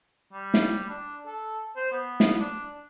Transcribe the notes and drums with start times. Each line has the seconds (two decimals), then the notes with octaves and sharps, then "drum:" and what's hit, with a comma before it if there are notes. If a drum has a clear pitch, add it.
0.33 G3
0.54 drum: snare
0.89 D4
1.26 A4
1.76 C5
1.92 B3
2.20 drum: snare
2.39 D4